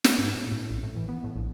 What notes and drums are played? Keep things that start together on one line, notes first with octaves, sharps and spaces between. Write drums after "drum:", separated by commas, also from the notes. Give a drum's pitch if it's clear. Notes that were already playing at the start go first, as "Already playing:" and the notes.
C#4, drum: snare
G#2
A2
A2
A#1
A2
E3
B3
A2
A#1